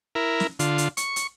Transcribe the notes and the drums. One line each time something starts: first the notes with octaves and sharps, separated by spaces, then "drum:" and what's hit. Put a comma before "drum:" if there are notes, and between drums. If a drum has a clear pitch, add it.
E4 A#4
drum: snare
D3 F4, drum: hi-hat
drum: hi-hat
C#6, drum: hi-hat
drum: hi-hat